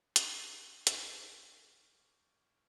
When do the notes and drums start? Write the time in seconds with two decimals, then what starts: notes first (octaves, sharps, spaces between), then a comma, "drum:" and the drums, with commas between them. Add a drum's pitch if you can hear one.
0.16 C#6 D6 F6 G6 G#6 D7, drum: hi-hat
0.87 drum: hi-hat